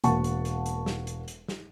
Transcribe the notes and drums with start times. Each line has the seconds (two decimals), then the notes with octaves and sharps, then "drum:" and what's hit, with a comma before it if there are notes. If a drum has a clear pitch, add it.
0.04 E1 A#3 F#5 A5 C#6, drum: hi-hat
0.24 drum: hi-hat
0.45 drum: hi-hat
0.66 drum: hi-hat
0.86 drum: snare
1.07 drum: hi-hat
1.28 drum: hi-hat
1.48 drum: snare